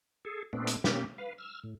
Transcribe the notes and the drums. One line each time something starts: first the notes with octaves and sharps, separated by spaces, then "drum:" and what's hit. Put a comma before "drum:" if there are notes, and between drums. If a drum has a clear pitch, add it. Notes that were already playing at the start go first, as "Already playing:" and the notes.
G#4 A4
A#2 A3 B3 C4 D4
drum: hi-hat
B2 A#3 C#4 G4, drum: snare
B4 F5
E6 F6
A2